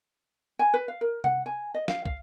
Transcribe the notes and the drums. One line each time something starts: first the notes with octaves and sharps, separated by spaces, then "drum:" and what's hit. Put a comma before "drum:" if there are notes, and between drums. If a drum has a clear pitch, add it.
G#5
B4
F5
A#4
F#5, drum: tom C3
G#5
D#5
F5, drum: snare
F5, drum: kick